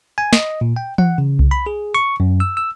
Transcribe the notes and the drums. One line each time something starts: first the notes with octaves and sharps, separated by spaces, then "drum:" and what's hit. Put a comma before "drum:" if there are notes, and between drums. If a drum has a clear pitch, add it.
G#5
D#5, drum: snare
A#2
G5
F#5, drum: tom E3
C#3
drum: kick C2
B5
G#4
C#6
F#2
E6
E6